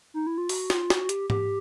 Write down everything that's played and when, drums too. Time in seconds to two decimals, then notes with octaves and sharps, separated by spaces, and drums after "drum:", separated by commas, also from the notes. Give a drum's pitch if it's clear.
0.14 D#4
0.27 E4
0.38 F4
0.49 F#4, drum: open hi-hat
0.70 F4, drum: snare
0.90 F#4, drum: snare
1.09 G4, drum: hi-hat
1.30 G4, drum: tom G#2